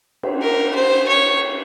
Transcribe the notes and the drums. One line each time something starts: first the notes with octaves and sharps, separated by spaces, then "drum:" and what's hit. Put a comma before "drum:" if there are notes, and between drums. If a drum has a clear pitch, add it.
drum: cymbal
A#4
C5
C#5